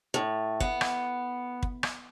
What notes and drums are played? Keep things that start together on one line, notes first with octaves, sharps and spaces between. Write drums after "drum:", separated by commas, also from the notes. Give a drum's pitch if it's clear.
A2
B3, drum: kick
drum: rim click
drum: kick
drum: rim click